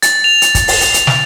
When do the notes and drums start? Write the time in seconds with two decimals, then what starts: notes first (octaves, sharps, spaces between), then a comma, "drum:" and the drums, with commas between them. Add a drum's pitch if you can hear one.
0.02 A6, drum: hi-hat
0.24 F7
0.42 drum: hi-hat
0.55 drum: kick, hi-hat
0.68 drum: open hi-hat
0.81 drum: hi-hat
0.94 drum: hi-hat
1.07 drum: snare